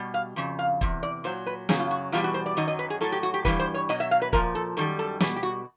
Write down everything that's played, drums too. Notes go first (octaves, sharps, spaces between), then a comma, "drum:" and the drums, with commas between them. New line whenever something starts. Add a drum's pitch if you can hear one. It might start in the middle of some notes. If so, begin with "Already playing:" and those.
Already playing: B2 G3
F5
F2 C#3
F5
E2 C3, drum: kick
D5
A#2 F#3 C5
B4
F#2 C#3 F#3 G#4, drum: snare
F4
F#4
E2 B2 G3 F4
F#4
C5
D5
F#2 D#3 F#3 D#5
D#5
B4
G#4
A2 F#3 A4
G4
F#4
G4
G2 E3 G3 B4, drum: kick
C5
C#5
B2 F#3 D#5
E5
F5
B4
A#2 F3 A#4, drum: kick
A4
F#2 D#3 G3 A4
A4
B2 G3 G#4, drum: snare
G4
F#4